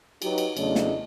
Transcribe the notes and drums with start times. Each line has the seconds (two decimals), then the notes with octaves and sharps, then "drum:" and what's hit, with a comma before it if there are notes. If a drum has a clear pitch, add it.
0.22 F#3 D#4 F#4 G4 B4, drum: cymbal
0.38 drum: cymbal
0.57 E2 C#3 F#3 A3 D4 D#5, drum: cymbal
0.75 drum: snare